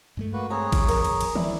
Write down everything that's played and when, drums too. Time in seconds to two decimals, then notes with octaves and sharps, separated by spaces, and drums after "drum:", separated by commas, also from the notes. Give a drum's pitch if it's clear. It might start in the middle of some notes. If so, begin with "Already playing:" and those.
0.17 G2 G#3 A3
0.33 A#3 F#4 B4
0.50 C4 G#4 C#5 A#5
0.72 drum: kick A1, cymbal
0.88 D1 A#1 F2 A#4, drum: cymbal
1.05 drum: cymbal
1.21 drum: cymbal
1.35 E3 E4 D5, drum: tom D#3